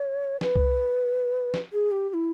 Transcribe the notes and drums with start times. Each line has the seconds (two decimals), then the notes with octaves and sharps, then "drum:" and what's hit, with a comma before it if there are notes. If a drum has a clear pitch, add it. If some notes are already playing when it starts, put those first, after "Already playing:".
Already playing: C#5
0.41 B4, drum: snare
0.56 drum: kick C2
1.54 drum: snare
1.73 G#4
1.91 G4
2.09 G4
2.14 E4